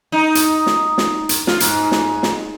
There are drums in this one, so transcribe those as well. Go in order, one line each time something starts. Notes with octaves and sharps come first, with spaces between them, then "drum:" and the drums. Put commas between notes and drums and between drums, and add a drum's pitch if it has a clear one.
D#4
drum: hi-hat
drum: snare
drum: snare
drum: hi-hat
F4, drum: snare
G#2, drum: hi-hat
drum: snare
drum: snare